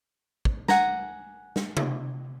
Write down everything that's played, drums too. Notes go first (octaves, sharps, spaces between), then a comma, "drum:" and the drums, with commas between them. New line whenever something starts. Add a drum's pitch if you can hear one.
drum: kick
F#5 G#5 A#5, drum: snare
drum: snare
drum: tom C3